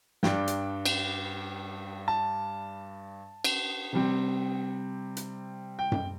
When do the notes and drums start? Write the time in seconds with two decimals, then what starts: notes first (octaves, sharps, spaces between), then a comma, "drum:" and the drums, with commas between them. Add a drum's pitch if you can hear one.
0.23 G2 G3 D4 G5, drum: snare
0.48 drum: hi-hat
0.86 drum: cymbal
2.08 A5
3.44 drum: cymbal
3.93 C3 G3 C4
5.17 drum: hi-hat
5.79 G5
5.92 drum: tom F#2